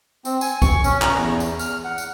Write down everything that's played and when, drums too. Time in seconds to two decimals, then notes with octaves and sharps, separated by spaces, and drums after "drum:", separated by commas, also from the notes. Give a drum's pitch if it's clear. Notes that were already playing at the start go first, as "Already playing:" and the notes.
0.25 C4, drum: tambourine
0.41 G#5, drum: tambourine
0.62 C#6, drum: kick, tambourine
0.84 C#4, drum: tambourine
1.02 A#5, drum: clap
1.16 E2
1.40 drum: tambourine
1.59 F6, drum: tambourine
1.84 F#5
1.98 drum: tambourine